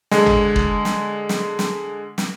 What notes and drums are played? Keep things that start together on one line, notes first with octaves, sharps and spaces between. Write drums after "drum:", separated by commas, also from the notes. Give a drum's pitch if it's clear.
D3 G#3, drum: snare
drum: tom G#1
drum: kick
drum: snare
drum: snare
drum: snare
drum: snare